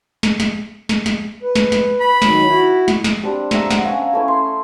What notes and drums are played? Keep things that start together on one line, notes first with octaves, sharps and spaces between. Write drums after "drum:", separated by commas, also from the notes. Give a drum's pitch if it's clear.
drum: snare
drum: snare
drum: snare
drum: snare
B4
drum: snare
drum: snare
B5
D#3 F#3, drum: snare
E4 F#4
drum: snare
drum: snare
G3 C4 D4 G4
E5 G5 A#5 E6, drum: snare
F#5, drum: snare
C#4 F5 G#5
A3 C#4 E4
C6